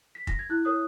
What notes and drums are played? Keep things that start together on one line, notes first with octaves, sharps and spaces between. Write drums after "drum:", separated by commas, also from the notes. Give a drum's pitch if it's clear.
B6
A#6, drum: kick
G#6
E4 F#6
A#4 C#5 D#6